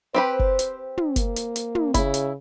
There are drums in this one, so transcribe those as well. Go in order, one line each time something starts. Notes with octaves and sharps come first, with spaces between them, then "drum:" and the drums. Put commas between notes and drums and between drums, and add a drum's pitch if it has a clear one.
C4 G4 B4 C5
drum: kick F#1
drum: hi-hat
drum: tom
A#3, drum: kick F#1, hi-hat
drum: hi-hat
drum: hi-hat
drum: tom
C#3 E4, drum: kick F#1, hi-hat
drum: hi-hat